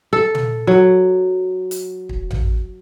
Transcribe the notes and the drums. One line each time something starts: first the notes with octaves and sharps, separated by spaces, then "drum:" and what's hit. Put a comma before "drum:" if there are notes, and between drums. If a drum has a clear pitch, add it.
A4
drum: tom
F#3
drum: hi-hat
drum: kick
drum: tom A1